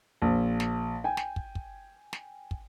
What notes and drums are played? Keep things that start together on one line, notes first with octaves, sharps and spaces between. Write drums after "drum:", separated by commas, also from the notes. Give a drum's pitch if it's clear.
A#1
drum: snare
G5 G#5
drum: snare
drum: kick
drum: kick
drum: snare
drum: kick